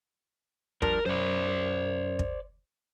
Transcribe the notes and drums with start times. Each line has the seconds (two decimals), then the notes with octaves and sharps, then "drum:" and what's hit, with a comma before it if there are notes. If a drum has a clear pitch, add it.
0.82 F3 G3 D4 A#4, drum: kick
1.06 F#2 C5 D5
2.19 drum: kick